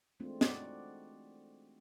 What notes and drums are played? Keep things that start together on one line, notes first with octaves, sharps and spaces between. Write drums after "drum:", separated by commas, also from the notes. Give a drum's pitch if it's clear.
E3 G#3 A3 C4 D4 F4
D4 D#4 F#4 D5, drum: snare